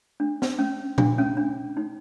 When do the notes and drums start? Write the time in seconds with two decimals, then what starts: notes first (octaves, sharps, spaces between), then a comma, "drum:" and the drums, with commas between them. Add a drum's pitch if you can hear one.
0.20 D4
0.42 drum: snare
0.59 C#4
0.98 D4, drum: tom A#2
1.18 C#4
1.37 D4
1.77 D#4